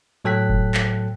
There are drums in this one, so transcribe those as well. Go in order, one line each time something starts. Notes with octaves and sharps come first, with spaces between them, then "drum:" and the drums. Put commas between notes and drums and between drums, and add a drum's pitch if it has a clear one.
A2 F#3 A4 G5 F#6 B6
drum: kick F1
drum: clap